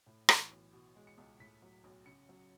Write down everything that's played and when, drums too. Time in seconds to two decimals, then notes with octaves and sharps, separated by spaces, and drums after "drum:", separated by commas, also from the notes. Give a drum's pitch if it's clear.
0.06 A2
0.29 E3, drum: rim click
0.51 B1
0.73 B2
0.96 G#3
1.07 C#7
1.18 C#2
1.40 A2 B6
1.62 F#3
1.84 B1
2.06 C#3 C#7
2.29 F#3